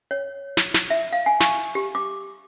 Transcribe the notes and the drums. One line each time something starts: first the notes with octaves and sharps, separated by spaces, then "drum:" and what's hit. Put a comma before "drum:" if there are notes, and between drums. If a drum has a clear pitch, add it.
C#5
drum: snare
drum: snare
E5
F5
G#5
C#6, drum: snare
G4
D6